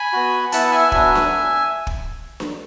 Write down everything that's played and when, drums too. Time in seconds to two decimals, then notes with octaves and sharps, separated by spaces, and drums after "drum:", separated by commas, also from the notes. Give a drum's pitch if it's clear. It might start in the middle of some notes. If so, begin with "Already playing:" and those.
Already playing: G#5 B5
0.13 B3 F#4
0.52 B3 E4 F#5 A5, drum: hi-hat
0.72 E5 G#5
0.92 F#3 B3 D4 E5 G#5, drum: kick
1.15 drum: snare D4
1.87 drum: kick
2.40 drum: snare D4